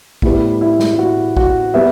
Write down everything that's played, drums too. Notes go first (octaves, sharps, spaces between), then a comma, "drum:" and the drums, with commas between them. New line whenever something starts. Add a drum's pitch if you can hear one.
A2 G3 B3 E4, drum: kick
E4
drum: snare
E4
F#4
F#4, drum: kick
G3 B3 E5